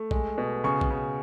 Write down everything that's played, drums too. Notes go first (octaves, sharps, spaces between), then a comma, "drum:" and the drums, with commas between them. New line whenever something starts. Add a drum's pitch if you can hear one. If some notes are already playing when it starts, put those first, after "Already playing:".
Already playing: A3
G#3, drum: kick
B2
C#3 C#6
drum: kick
C#3